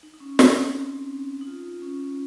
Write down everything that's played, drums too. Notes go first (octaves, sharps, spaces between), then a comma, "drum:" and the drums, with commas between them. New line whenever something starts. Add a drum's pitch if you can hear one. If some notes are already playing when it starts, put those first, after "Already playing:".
D#4
D#4
C#4
C4, drum: snare
D#4
D#4
D#4
F4
C#4